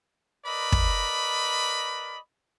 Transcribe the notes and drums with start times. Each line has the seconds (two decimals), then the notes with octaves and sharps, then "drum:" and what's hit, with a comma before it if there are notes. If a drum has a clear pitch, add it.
0.46 A#4 B4 D5 D#5 B5
0.72 drum: kick